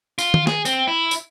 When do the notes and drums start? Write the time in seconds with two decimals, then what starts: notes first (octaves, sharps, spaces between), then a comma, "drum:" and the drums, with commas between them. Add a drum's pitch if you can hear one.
0.19 F4, drum: tambourine
0.34 drum: tom D#3
0.47 G#4, drum: snare
0.65 C4, drum: tambourine
0.88 E4
1.11 drum: tambourine